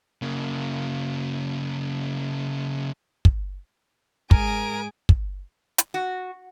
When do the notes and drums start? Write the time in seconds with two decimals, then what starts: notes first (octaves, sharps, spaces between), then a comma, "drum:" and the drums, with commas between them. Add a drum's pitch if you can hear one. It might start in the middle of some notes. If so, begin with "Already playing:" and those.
0.22 C#3 A#3
3.25 drum: kick
4.31 G#2 G#4 A#4 G#5 D7, drum: kick
5.09 drum: kick
5.78 drum: hi-hat
5.94 F#4